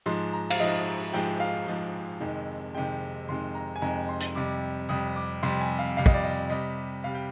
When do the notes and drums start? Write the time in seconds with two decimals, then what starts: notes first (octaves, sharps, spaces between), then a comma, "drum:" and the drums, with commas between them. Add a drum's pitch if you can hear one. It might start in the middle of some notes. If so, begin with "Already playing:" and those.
0.06 G#2 F3 G#3 C6
0.33 A#5
0.50 F5, drum: cymbal
0.60 G#2 F3 G#3 D#5
1.13 G#2 F3 G#3 G5
1.40 F5
1.67 G#2 F3 G#3
2.20 F2 C3 D#3 G#3
2.74 F2 C3 D#3 G#3 G5
3.28 F2 C3 D#3 G#3 C6
3.55 A#5
3.76 G#5
3.82 F2 C3 D#3 G#3 A#5
4.09 C6
4.20 drum: hi-hat
4.35 F2 C3 G3 D6
4.89 F2 C3 G3 D#6
5.16 D6
5.43 F2 C3 G3 C6
5.61 G#5
5.79 F5
5.97 F2 C3 G3 F5
6.06 D#5, drum: kick
6.14 D5
6.24 D#5
6.50 C3 G3 D#5
7.04 C3 G3 F5
7.15 G5